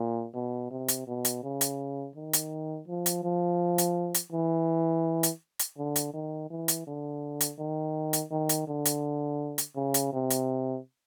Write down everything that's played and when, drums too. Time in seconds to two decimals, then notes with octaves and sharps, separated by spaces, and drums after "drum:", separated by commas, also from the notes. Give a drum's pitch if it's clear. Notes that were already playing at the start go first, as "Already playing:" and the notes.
Already playing: A#2
0.34 B2
0.70 C3
0.88 drum: hi-hat
1.07 B2
1.25 drum: hi-hat
1.43 C#3
1.61 drum: hi-hat
2.15 D#3
2.33 drum: hi-hat
2.88 F3
3.06 drum: hi-hat
3.24 F3
3.78 drum: hi-hat
4.14 drum: hi-hat
4.32 E3
5.23 drum: hi-hat
5.59 drum: hi-hat
5.78 D3
5.96 drum: hi-hat
6.13 D#3
6.50 E3
6.68 drum: hi-hat
6.87 D3
7.41 drum: hi-hat
7.58 D#3
8.13 drum: hi-hat
8.31 D#3
8.49 drum: hi-hat
8.67 D3
8.85 drum: hi-hat
9.58 drum: hi-hat
9.76 C#3
9.94 drum: hi-hat
10.13 C3
10.30 drum: hi-hat